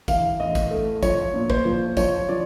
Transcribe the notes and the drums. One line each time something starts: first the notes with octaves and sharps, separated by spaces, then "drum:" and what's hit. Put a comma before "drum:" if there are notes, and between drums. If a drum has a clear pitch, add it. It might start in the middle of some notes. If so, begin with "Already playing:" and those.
E3 F5, drum: kick, tambourine
A1 D#5
drum: kick, tambourine
A3
F3 C#5, drum: kick, tambourine
A#2
C5, drum: kick
F3
F3 C#5, drum: kick, tambourine
F3 D5